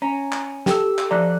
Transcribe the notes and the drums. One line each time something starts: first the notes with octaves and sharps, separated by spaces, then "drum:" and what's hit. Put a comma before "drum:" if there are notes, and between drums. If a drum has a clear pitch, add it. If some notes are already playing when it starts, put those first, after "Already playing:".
C#4 A#5
drum: clap
G4 A4 E6, drum: snare
drum: clap
F3 A4 D5 A#5 F#6